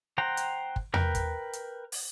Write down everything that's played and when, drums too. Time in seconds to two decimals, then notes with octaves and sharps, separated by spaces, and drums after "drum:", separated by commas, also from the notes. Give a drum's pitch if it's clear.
0.18 C5 F#5 G5 A#5
0.37 drum: hi-hat
0.76 drum: kick
0.94 A#4 B4 G5, drum: tom E2
1.15 drum: kick, hi-hat
1.53 drum: hi-hat
1.92 drum: open hi-hat